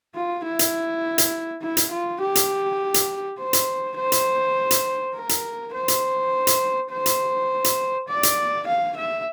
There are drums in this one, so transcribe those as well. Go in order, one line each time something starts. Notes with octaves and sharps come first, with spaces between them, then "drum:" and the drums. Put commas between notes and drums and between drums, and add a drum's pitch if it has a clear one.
F4
E4
drum: hi-hat
drum: hi-hat
E4
drum: hi-hat
F4
G4
drum: hi-hat
drum: hi-hat
C5
drum: hi-hat
C5
drum: hi-hat
drum: hi-hat
A#4
drum: hi-hat
C5
drum: hi-hat
drum: hi-hat
C5
drum: hi-hat
drum: hi-hat
D5
drum: hi-hat
F5
E5